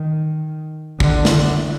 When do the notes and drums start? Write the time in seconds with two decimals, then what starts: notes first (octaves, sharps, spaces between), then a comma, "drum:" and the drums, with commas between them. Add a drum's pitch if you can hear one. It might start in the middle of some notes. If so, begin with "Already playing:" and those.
Already playing: D#3
1.00 D3, drum: kick
1.25 drum: snare